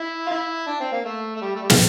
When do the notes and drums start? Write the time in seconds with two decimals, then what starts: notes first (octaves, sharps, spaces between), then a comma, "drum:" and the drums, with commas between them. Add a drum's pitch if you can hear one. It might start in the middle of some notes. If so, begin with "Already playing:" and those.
Already playing: E4
0.27 F4
0.30 E4
0.67 D4
0.80 C4
0.92 A#3
1.05 A3
1.36 A3
1.41 G3
1.55 A3
1.62 G3
1.70 F3, drum: snare